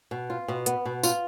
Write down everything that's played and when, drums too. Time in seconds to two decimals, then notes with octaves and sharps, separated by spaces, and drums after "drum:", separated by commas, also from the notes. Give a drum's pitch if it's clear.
0.11 B2
0.30 F4
0.48 B2
0.66 B3, drum: hi-hat
0.85 B2
1.03 F4, drum: tambourine